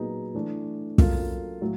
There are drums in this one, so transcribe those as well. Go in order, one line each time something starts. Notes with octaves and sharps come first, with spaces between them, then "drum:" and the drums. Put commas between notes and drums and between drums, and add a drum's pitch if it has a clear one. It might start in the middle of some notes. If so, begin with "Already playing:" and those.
Already playing: A#2 F#3 B3 D#4 G#4
E3 A3 D4
F#3 A#3 C#4 F4 A4, drum: kick
A2 F#3